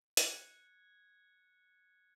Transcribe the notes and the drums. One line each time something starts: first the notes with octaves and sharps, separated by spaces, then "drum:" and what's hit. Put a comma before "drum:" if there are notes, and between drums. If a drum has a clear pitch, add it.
F#6 G#6 C#7, drum: hi-hat